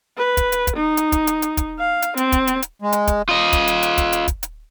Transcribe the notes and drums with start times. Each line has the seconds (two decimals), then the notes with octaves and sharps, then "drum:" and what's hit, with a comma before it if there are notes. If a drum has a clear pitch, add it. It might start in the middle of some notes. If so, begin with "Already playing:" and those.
0.17 B4
0.37 drum: kick, hi-hat
0.52 drum: hi-hat
0.67 drum: kick, hi-hat
0.76 D#4
0.97 drum: hi-hat
1.12 drum: kick, hi-hat
1.27 drum: hi-hat
1.42 drum: hi-hat
1.57 drum: kick, hi-hat
1.79 F5
2.02 drum: hi-hat
2.17 C4, drum: hi-hat
2.32 drum: kick, hi-hat
2.47 drum: hi-hat
2.62 drum: hi-hat
2.82 G#3
2.92 drum: hi-hat
3.07 drum: kick, hi-hat
3.29 F4 D#5
3.53 drum: kick, hi-hat
3.68 drum: hi-hat
3.83 drum: hi-hat
3.98 drum: kick, hi-hat
4.13 drum: hi-hat
4.28 drum: kick, hi-hat
4.43 drum: hi-hat